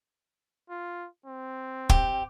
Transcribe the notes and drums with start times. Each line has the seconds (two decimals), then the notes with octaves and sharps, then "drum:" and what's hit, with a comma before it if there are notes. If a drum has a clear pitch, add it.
0.70 F4
1.26 C4
1.89 G4, drum: kick